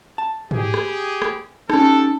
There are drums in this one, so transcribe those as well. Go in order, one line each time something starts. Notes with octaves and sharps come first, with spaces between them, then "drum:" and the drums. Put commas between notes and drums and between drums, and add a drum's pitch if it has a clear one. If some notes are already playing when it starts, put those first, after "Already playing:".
A5
G4 G#4, drum: tom G#2
drum: rim click
drum: rim click
C#4 D#4 F#4 G4 A4 A5, drum: rim click